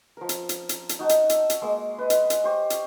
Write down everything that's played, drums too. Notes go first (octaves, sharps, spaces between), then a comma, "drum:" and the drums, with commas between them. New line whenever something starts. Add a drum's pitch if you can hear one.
F3 A#4
drum: hi-hat
drum: hi-hat
drum: hi-hat
drum: hi-hat
D#4 F#4 A5
drum: hi-hat
E6, drum: hi-hat
drum: hi-hat
G#3 A#3
B4 D#5
drum: hi-hat
drum: hi-hat
G4 C5 C#6
drum: hi-hat